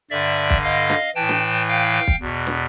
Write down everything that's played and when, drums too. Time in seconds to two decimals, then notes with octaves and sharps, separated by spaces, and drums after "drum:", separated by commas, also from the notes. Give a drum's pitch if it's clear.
0.11 G2 D3 D5 E5
0.50 drum: kick
0.63 D#5 F5
0.90 drum: snare
1.15 A2 E3 G5 A5
1.29 drum: snare
1.69 F5 G5
2.07 drum: kick
2.21 E2 B2
2.47 drum: snare